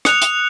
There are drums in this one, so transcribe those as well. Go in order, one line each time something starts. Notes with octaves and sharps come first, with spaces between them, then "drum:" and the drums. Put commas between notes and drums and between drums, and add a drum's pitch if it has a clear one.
D#6 F#6 C#7 F7, drum: rim click
drum: hi-hat